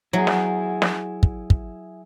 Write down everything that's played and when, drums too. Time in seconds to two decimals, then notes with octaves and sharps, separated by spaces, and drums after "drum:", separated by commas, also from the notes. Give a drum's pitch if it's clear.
0.13 F#3 E4 G#4
0.27 drum: snare
0.82 drum: snare
1.23 drum: kick
1.50 drum: kick